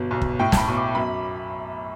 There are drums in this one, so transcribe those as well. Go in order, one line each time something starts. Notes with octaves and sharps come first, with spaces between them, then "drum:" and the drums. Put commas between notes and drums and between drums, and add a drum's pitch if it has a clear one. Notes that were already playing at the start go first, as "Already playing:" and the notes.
Already playing: G1 B2
B1
drum: kick
A2 G5
A5, drum: snare
B5
B1
D6
F#2 B5